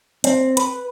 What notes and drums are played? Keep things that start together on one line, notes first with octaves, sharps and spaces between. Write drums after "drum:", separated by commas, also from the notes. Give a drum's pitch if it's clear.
C4, drum: hi-hat
B4, drum: hi-hat